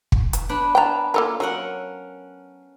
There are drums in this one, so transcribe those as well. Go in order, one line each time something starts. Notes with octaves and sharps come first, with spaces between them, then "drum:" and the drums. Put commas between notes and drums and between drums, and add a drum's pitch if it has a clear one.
drum: kick
drum: hi-hat
B3 D4 B4
B4 G5 A5 A#5
A#3 F4 A4 A#4
F#3 C#4 A#4 F#5